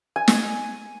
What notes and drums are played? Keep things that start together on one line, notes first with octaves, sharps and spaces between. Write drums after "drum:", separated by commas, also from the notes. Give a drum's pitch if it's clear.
G#5
drum: snare